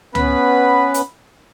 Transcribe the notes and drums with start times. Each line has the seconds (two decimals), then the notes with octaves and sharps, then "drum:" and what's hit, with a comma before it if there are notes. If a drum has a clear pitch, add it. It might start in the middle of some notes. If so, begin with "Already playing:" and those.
0.15 B3 C#4 B4 B5, drum: tom
0.94 drum: hi-hat